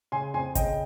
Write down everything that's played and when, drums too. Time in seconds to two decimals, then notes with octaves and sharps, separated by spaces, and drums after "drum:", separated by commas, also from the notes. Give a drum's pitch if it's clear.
0.12 C#3 G#5 C6
0.34 F2 G#5 C6
0.55 C#3 D#5 G5, drum: kick G#1, hi-hat